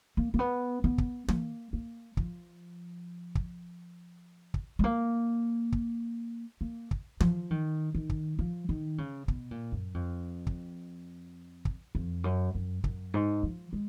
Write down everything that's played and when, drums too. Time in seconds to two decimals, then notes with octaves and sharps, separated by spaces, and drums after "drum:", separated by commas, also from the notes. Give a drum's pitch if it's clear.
0.17 A#3
0.34 A#3
0.39 B3
0.84 B3
0.98 drum: kick
1.28 A#3, drum: tom
1.73 A#3
2.17 F3, drum: kick
3.35 drum: kick
4.54 drum: kick
4.79 G#3
4.84 A#3
5.72 drum: kick
6.61 A#3
6.91 drum: kick
7.20 F3, drum: tom
7.51 D#3
7.95 D#3
8.10 drum: kick
8.39 F3
8.69 D#3
8.98 C#3
9.28 B2, drum: kick
9.51 A#2
9.72 F#2
9.94 F2
10.47 drum: kick
11.65 drum: kick
11.95 F2
12.24 F#2
12.55 F#2
12.84 F#2, drum: kick
13.14 G#2
13.43 F3
13.73 G#3